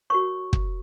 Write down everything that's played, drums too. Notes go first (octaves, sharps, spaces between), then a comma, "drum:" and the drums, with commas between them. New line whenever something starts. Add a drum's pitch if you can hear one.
F#4 A#4 C#5 C#6
drum: kick